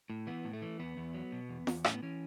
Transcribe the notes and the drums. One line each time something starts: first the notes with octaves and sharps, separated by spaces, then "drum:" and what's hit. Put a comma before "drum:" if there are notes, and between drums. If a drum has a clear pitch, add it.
A2
E3 B3
A2
A3
E3
E2 B3
E2
F#3
B2
E2
E2, drum: snare
A2 C#4, drum: rim click
B3
E3 C#4